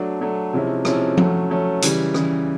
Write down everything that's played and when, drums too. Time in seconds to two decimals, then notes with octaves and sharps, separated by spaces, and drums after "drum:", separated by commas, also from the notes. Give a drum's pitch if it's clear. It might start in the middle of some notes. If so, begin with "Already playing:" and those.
Already playing: F#3 A3 D4
0.20 F#3 A3 D4
0.53 C3 F3 G#3 C#4 E4
0.85 C3 F3 G#3 C#4 E4, drum: rim click
1.17 F#3 A3 C#4, drum: tom F3
1.50 F#3 A3 C#4
1.82 C#3 E3 G3, drum: hi-hat
2.14 C#3 E3 G3, drum: rim click